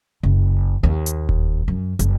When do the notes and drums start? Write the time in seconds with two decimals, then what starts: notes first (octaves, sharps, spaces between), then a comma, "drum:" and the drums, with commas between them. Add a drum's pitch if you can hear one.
0.23 F#1
0.83 D#2
1.06 drum: hi-hat
1.29 drum: kick E1
1.68 F#2
1.99 F#1, drum: hi-hat